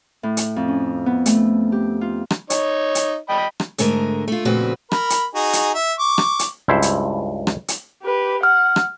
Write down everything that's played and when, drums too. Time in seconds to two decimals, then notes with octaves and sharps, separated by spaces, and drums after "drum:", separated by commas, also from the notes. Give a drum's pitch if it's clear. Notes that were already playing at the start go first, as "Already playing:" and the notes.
0.23 A2
0.37 drum: hi-hat
0.56 F2
0.68 C#4
1.06 B3
1.26 A3, drum: hi-hat
1.72 G4
2.01 F4
2.31 drum: rim click
2.50 D#4 C#5, drum: hi-hat
2.95 drum: hi-hat
3.29 D#5 G5 B5
3.60 drum: rim click
3.78 G#2 D3 A3 A#4 D#5, drum: hi-hat
4.28 A3 F4
4.45 F2 A#2 C#3 C4 F#4 B4
4.92 A#4 B5, drum: rim click
5.10 drum: hi-hat
5.35 D#4 F#4 G#4
5.53 drum: hi-hat
5.75 E5
5.99 C#6 D6
6.18 drum: rim click
6.39 drum: hi-hat
6.68 C#2 G2 E4 C5
6.82 drum: hi-hat
7.47 drum: rim click
7.68 drum: hi-hat
8.03 G4 B4
8.43 F#5 F6
8.76 drum: rim click